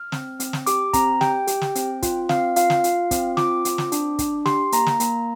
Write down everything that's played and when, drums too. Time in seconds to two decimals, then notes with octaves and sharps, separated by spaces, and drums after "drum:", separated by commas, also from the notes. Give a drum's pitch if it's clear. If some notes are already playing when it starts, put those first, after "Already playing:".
Already playing: F6
0.12 C4, drum: snare
0.40 C4, drum: hi-hat
0.53 drum: snare
0.66 G4 D6, drum: hi-hat
0.93 C4 A#5, drum: kick, hi-hat
1.21 G4 G5, drum: snare
1.47 G4, drum: hi-hat
1.61 drum: snare
1.75 C4, drum: hi-hat
2.02 F4, drum: kick, hi-hat
2.29 C4 F5, drum: snare
2.56 F4 F5, drum: hi-hat
2.70 drum: snare
2.84 F4, drum: hi-hat
3.11 C4, drum: kick, hi-hat
3.37 F4 D6, drum: snare
3.65 C4, drum: hi-hat
3.78 drum: snare
3.92 D4, drum: hi-hat
4.19 D4, drum: kick, hi-hat
4.46 G4 C6, drum: snare
4.72 A#3 A#5, drum: hi-hat
4.86 drum: snare
5.00 A#3, drum: hi-hat